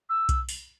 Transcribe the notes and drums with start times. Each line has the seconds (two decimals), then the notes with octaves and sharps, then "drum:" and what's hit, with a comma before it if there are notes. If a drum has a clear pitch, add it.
0.09 E6
0.29 drum: kick B1, hi-hat
0.49 drum: open hi-hat